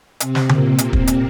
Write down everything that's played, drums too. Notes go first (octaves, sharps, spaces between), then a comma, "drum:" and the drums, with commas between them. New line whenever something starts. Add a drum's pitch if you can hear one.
C3 C4, drum: hi-hat
drum: snare
A#2 A#3, drum: tom C#3
drum: hi-hat
drum: kick
drum: hi-hat